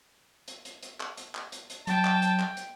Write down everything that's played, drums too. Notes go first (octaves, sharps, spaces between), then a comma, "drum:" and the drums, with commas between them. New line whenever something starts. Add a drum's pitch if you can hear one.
drum: hi-hat
drum: hi-hat
drum: hi-hat
drum: clap
drum: hi-hat
drum: clap
drum: hi-hat
drum: hi-hat
F#3 G5 A5, drum: hi-hat
drum: clap
drum: hi-hat
drum: clap
drum: hi-hat